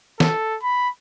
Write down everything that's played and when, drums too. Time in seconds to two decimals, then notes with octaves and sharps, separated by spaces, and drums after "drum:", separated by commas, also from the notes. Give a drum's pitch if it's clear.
0.20 A4, drum: snare
0.63 B5